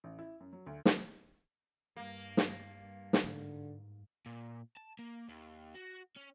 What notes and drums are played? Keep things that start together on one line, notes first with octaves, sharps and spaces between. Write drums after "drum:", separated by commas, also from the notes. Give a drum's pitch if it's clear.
A1
E4
F#2
F#3
D2
drum: snare
G2 A#3
drum: snare
drum: snare
G#2 D3
A#2
A5
A#3
D#2
F#4
C#4